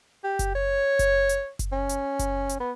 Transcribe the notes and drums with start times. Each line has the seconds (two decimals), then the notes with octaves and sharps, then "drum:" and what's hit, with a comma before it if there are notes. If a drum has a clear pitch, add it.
0.24 G4
0.39 drum: kick F#1, hi-hat
0.55 C#5
0.99 drum: kick F#1, hi-hat
1.29 drum: hi-hat
1.59 drum: kick F#1, hi-hat
1.72 C#4
1.89 drum: hi-hat
2.19 drum: kick F#1, hi-hat
2.49 drum: hi-hat
2.60 B3